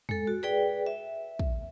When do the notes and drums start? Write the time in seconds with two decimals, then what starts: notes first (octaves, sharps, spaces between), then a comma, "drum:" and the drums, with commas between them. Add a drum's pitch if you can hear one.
0.09 G#3 A4, drum: tom E2
0.27 F#4
0.43 G#4 B4 D5 G5
0.86 E5
1.39 drum: kick